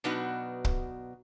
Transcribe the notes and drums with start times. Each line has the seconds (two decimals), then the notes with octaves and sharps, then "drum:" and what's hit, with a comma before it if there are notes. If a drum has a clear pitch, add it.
0.04 B2 F#3 B3 D4 D#4 F#4
0.65 drum: kick